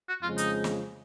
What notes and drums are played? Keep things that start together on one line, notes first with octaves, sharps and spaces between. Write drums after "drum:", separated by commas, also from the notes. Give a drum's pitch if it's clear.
F#4
F2 C#3 F3 G#3 F4
D#4, drum: hi-hat
drum: snare